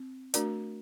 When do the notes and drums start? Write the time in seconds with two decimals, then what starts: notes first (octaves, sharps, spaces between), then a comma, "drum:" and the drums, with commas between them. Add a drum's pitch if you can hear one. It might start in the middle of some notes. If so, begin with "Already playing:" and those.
Already playing: C4
0.34 A3 D4 F#4 A#4 D5, drum: hi-hat